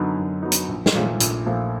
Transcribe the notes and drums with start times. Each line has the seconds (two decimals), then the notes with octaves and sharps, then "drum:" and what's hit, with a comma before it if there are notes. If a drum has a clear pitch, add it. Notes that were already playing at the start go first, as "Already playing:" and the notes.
Already playing: F#2 D3 F#3 B3 D#4
0.18 F#2
0.43 D3 F#3 B3 D#4
0.52 drum: hi-hat
0.69 A#1
0.86 drum: snare
0.95 A#2 F3 A3
1.20 A#1, drum: hi-hat
1.46 A#2 F3 A3